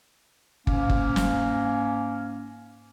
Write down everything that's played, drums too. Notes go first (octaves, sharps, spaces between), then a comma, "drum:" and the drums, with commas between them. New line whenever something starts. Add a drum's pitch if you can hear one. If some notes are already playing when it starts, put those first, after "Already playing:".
G#2 A#3 C#4, drum: kick
drum: kick
drum: snare